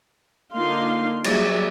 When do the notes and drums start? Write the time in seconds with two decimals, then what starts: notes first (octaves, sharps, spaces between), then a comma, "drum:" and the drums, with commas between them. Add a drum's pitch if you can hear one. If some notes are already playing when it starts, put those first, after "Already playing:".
0.55 D3 A#3 D#4 F4 F5 C6
1.24 F#3 G3 A#3 G#4 D5 E5, drum: cymbal